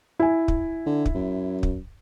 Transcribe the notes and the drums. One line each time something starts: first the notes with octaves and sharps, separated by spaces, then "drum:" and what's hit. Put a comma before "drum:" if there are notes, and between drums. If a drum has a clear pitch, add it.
E4 G#5
drum: kick
D3
drum: kick
F#2
drum: kick